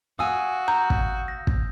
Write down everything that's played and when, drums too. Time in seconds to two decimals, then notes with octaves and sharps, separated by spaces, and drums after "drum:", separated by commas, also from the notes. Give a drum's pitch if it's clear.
0.19 F#4 F5 G#5 D#6 E6
0.68 A#5 G6
0.90 drum: kick
1.28 A#6
1.47 drum: kick